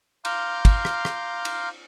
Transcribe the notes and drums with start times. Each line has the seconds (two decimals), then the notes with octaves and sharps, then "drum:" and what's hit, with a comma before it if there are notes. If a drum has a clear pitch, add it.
0.25 F5 A#5 C6 D6 F6 G6, drum: cymbal
0.65 drum: kick, cymbal
0.85 drum: rim click
1.05 drum: rim click
1.45 drum: cymbal